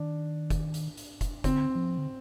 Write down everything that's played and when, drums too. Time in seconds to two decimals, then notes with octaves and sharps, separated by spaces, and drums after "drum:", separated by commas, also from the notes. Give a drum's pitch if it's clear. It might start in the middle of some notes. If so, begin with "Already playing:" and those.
Already playing: D#3 D4
0.50 drum: kick F1, hi-hat
0.74 drum: hi-hat
0.97 drum: hi-hat
1.21 drum: kick F1, hi-hat
1.44 D3 C4, drum: kick F1, hi-hat
1.75 F3
1.98 D3